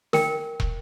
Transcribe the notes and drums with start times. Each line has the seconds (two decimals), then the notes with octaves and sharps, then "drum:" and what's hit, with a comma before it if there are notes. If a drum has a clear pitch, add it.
0.13 A#4 G5, drum: snare
0.60 drum: kick